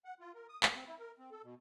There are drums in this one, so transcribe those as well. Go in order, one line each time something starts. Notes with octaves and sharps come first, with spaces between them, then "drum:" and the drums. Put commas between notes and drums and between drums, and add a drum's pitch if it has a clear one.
F#5
F4
A#4
D#6
A#3, drum: clap
C4
E4
A#4
C4
A4
B2